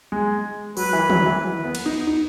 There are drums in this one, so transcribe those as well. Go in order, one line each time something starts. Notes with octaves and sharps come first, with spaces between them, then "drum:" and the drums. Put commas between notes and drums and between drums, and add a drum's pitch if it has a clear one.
G#3
F#3 B4, drum: open hi-hat
E3
F#3, drum: tom
E3
B3
drum: cymbal
D#4
D#4